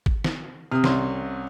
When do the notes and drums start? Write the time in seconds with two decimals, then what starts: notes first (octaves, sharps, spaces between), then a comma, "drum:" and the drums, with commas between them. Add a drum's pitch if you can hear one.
0.06 drum: kick G#1
0.24 drum: snare
0.72 C3 D#6 F6
0.84 C2 C#4 C6, drum: snare